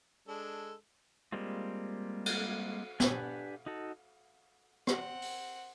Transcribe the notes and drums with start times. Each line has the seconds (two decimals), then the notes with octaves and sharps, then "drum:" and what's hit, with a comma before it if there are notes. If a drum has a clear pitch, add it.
0.28 G#3 D4 A4
1.32 G3 G#3 A#3 C4 F4
2.26 drum: cymbal
3.00 D4 G4 B4 F#5 G#5, drum: snare
3.66 D#4 F#4 A4
4.87 C4 F#5, drum: rim click
5.22 drum: open hi-hat